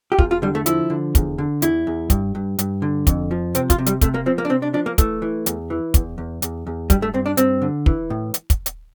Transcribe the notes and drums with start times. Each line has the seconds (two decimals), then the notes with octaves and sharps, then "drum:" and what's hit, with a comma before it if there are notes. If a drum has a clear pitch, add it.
0.12 G4
0.19 E2 F4, drum: kick
0.31 F4
0.42 D3 G3
0.55 A3
0.66 F3 E4, drum: hi-hat
0.90 D3
1.15 E2, drum: kick, hi-hat
1.38 D3
1.62 E2 E4, drum: hi-hat
1.87 E2
2.10 G2, drum: kick, hi-hat
2.35 G2
2.59 G2, drum: hi-hat
2.82 D3
3.07 F2, drum: kick, hi-hat
3.31 F3
3.55 C3 C4, drum: hi-hat
3.70 F4, drum: kick, hi-hat
3.78 C3
3.86 G3, drum: hi-hat
4.01 C3 A3, drum: kick, hi-hat
4.14 A#3
4.26 F3 C4
4.38 A#3
4.45 D4
4.50 C3 C4
4.62 D4
4.74 F3 D4
4.86 A#3
4.98 E3 A3, drum: kick, hi-hat
5.22 E3
5.46 E2, drum: hi-hat
5.70 E3
5.94 E2, drum: kick, hi-hat
6.18 E2
6.42 E2, drum: hi-hat
6.67 E2
6.90 G2 G3, drum: kick, hi-hat
7.02 A3
7.14 G2 C4
7.26 D4
7.37 G2 C4, drum: hi-hat
7.62 D3
7.86 E3, drum: kick
8.10 A2
8.34 drum: hi-hat
8.50 drum: kick, hi-hat
8.66 drum: hi-hat